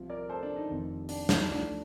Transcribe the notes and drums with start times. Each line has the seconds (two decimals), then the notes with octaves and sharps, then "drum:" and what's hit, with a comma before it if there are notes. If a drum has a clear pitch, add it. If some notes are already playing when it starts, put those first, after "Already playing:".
Already playing: C2 C3 F3
0.10 A#4 D5
0.30 A4 C5
0.43 D4
0.56 D#4
0.69 F1 F2 C3 D#3
1.09 D4, drum: open hi-hat
1.29 D#4, drum: snare
1.49 D2 D3 F3 D4